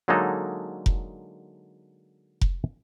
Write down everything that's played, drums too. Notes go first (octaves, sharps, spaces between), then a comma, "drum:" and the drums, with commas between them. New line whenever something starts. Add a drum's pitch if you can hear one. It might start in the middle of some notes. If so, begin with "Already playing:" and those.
D3 F#3 G#3 A#3 D#4 A4
drum: kick F1
drum: kick F1